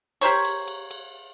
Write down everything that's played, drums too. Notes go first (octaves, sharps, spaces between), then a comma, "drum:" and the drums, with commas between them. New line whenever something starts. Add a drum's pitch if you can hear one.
G4 A#4 C5 C#5, drum: cymbal
drum: cymbal
drum: cymbal
drum: cymbal